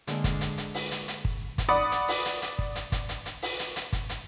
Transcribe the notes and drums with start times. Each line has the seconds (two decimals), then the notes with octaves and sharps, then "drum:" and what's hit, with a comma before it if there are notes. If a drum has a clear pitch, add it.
0.07 D3 G#3 A#3 D4, drum: hi-hat
0.24 drum: kick, hi-hat
0.41 drum: hi-hat
0.58 drum: hi-hat
0.74 drum: open hi-hat
0.91 drum: hi-hat
1.08 drum: hi-hat
1.25 drum: kick
1.58 drum: kick, hi-hat
1.69 D5 F#5 B5 D#6
1.92 drum: hi-hat
2.08 drum: open hi-hat
2.25 drum: hi-hat
2.42 drum: hi-hat
2.59 drum: kick
2.75 drum: hi-hat
2.92 drum: kick, hi-hat
3.09 drum: hi-hat
3.26 drum: hi-hat
3.42 drum: open hi-hat
3.59 drum: hi-hat
3.76 drum: hi-hat
3.93 drum: kick, hi-hat
4.09 drum: hi-hat